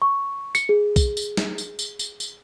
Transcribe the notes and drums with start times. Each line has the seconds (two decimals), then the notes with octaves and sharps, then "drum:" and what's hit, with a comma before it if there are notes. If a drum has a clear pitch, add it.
0.02 C#6
0.55 C#7, drum: tambourine
0.69 G#4
0.96 drum: kick B1, tambourine
1.17 drum: tambourine
1.37 drum: snare
1.58 drum: tambourine
1.79 drum: tambourine
1.99 drum: tambourine
2.20 drum: tambourine